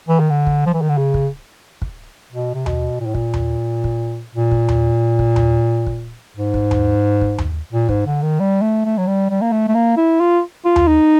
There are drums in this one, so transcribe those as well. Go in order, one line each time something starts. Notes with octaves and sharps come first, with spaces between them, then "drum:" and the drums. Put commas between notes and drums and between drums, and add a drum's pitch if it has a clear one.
E3
D#3
D3
drum: kick
F3
E3
D#3
D3
C#3
drum: kick
drum: kick
B2
C3
B2, drum: tom D#2
A#2
A2
A#2, drum: kick
drum: tom D#2
drum: kick
A#2
drum: kick
drum: tom D#2
drum: kick
drum: tom D#2
drum: kick
G#2
drum: kick
drum: tom D#2
drum: kick
drum: tom D#2
A#2
G#2, drum: kick
D3
D#3
G3
A3
A3
F#3
G3
G3
A#3
A3
A3
A#3
E4
F4
F4
drum: tom D#2
D#4